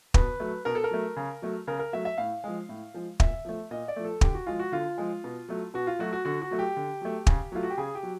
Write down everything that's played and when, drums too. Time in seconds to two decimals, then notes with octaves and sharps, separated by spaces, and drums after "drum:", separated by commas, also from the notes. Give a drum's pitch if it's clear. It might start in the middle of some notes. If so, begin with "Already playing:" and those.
0.14 B2 B4, drum: kick
0.40 F#3 A3
0.65 B2 A#4
0.75 A4
0.84 A#4
0.91 F#3 A3
1.16 C#3
1.42 F#3 A3
1.67 C#3 A#4
1.79 A#4
1.93 F#3 A3 E5
2.05 E5
2.18 A2 F5
2.44 F3 G#3
2.69 A2
2.94 F3 G#3
3.20 A#2 E5, drum: kick
3.45 F3 A3
3.71 A#2 D#5
3.88 D5
3.96 F3 A3
4.05 A4
4.21 D3 G4, drum: kick
4.34 F#4
4.46 F3 G#3 F4
4.59 F#4
4.72 D3 F4
4.98 F3 G#3
5.24 B2
5.49 F#3 A3
5.74 B2 F#4
5.87 F4
5.99 F#3 A3 F#4
6.13 F#4
6.25 D3 F#4
6.41 F#4
6.51 F#3 A3
6.59 G4
6.77 D3
7.01 F#3 A3
7.27 C#3, drum: kick
7.52 F#3 A3 F4
7.63 F#4
7.70 G4
7.78 C#3 G#4
7.95 G4
8.03 F#3